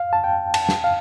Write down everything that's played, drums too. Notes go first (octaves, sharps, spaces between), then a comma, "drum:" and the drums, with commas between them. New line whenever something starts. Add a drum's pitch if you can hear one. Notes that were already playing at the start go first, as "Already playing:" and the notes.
Already playing: F5
A5
G5
A5, drum: cymbal
drum: snare
F5